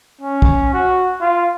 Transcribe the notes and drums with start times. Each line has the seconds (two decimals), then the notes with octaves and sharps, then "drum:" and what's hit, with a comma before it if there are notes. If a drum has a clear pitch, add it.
0.21 C#4
0.42 drum: kick
0.74 F#4
1.21 F4